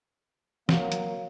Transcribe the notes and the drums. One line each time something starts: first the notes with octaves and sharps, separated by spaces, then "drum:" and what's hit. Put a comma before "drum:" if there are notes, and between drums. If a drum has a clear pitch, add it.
F#3 A#3, drum: snare
drum: hi-hat